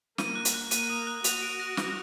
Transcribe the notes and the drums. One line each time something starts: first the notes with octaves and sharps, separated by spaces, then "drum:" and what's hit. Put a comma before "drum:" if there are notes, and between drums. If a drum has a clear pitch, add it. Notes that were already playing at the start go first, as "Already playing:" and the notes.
A#3 D#7, drum: snare
F#6
drum: hi-hat
F#6
A#3 D#7, drum: hi-hat
D#6
F#6
F#4 F7, drum: hi-hat
D7
A#6
A#6, drum: snare